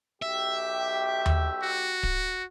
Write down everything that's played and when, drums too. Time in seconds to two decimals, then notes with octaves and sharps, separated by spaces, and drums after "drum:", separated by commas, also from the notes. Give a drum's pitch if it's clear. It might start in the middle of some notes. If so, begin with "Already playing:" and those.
0.22 B1 G4 E5
1.26 drum: tom D#2
1.63 F#4
2.03 drum: kick D1